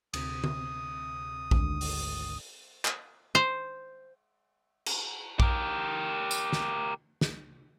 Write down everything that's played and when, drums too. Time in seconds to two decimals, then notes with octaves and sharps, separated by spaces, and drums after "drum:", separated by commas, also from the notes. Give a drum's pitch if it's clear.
0.14 D2 C3 D#6, drum: cymbal
0.44 drum: tom D3
1.51 G#1 D2, drum: kick A#1
1.81 drum: open hi-hat
2.85 drum: clap
3.35 C5
4.86 drum: cymbal
5.40 G4 A#4, drum: kick A#1
6.31 drum: tambourine
6.53 drum: snare
7.21 drum: snare